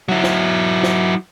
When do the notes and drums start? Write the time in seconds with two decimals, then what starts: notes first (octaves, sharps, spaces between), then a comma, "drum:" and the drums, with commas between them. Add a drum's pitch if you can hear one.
0.08 F#3 E4
0.23 drum: snare
0.83 drum: snare